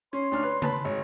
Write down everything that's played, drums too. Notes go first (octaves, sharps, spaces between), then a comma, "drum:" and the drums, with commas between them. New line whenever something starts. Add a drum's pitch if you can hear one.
C#4 C#5 C6
D2 D4 F6
B4
B4 A5 B5, drum: tom C#3
G#1 C#5